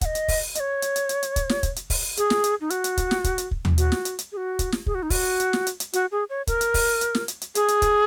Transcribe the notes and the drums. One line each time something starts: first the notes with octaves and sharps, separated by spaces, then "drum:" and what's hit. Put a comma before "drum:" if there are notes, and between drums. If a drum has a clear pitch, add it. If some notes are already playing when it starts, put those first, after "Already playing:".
F#5, drum: kick, hi-hat
D#5
drum: hi-hat
drum: kick, open hi-hat
D#5, drum: hi-hat
C#5
drum: hi-hat
drum: hi-hat
drum: hi-hat
drum: hi-hat
drum: kick, hi-hat
drum: snare
drum: kick, hi-hat
drum: hi-hat
drum: kick, open hi-hat
G#4, drum: hi-hat
drum: snare
drum: hi-hat
D#4
F#4, drum: hi-hat
drum: hi-hat
drum: kick, hi-hat
drum: snare
drum: kick, hi-hat
drum: hi-hat
drum: kick
drum: tom D#2
F#4, drum: hi-hat
drum: snare
drum: hi-hat
drum: hi-hat
G#4
F#4
drum: kick, hi-hat
drum: snare
G#4, drum: kick
F#4
D#4
F#4, drum: kick, open hi-hat
drum: hi-hat
drum: snare
drum: hi-hat
drum: hi-hat
F#4, drum: hi-hat
G#4
C#5
A#4, drum: kick, hi-hat
drum: hi-hat
drum: kick, open hi-hat
drum: hi-hat
drum: snare
drum: hi-hat
drum: hi-hat
G#4, drum: hi-hat
drum: hi-hat
drum: kick, hi-hat